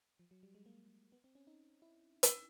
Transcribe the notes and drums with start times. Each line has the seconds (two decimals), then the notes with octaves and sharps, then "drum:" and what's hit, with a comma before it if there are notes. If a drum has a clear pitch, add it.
0.19 F3
0.31 F#3
0.43 G3
0.55 G#3
0.66 A#3
1.12 B3
1.24 C4
1.35 C#4
1.47 D#4
1.82 E4
2.23 drum: hi-hat